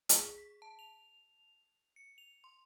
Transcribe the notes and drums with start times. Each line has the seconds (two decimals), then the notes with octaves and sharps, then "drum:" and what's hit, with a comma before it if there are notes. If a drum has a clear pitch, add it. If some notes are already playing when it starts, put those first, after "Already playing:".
0.09 G#4, drum: hi-hat
0.38 B6
0.62 A5
0.79 F7
1.96 C#7
2.18 F7
2.44 C6